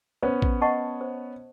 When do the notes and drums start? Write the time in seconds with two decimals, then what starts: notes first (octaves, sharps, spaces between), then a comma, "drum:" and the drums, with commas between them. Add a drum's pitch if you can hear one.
0.23 B3 C#4 C5
0.42 drum: kick
0.62 D#5 F#5 A5 C#6
1.01 C5